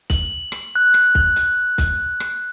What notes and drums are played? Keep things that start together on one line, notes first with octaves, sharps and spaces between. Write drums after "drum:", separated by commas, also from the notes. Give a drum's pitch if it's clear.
F#7, drum: kick, hi-hat
drum: rim click
F#6
drum: rim click
drum: kick
drum: hi-hat
drum: kick, hi-hat
drum: rim click